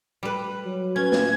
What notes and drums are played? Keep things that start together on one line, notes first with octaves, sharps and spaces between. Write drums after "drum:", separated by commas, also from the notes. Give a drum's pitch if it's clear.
G3 B4
F#3
C#4 B4 G#6
drum: snare